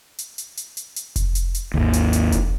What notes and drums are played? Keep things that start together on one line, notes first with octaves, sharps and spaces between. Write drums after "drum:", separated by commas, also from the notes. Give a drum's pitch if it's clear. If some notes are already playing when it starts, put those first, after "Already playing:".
drum: hi-hat
drum: hi-hat
drum: hi-hat
drum: hi-hat
drum: hi-hat
drum: kick F1, hi-hat
drum: hi-hat
drum: hi-hat
G#1 D#2
drum: hi-hat
drum: hi-hat
drum: kick F1, hi-hat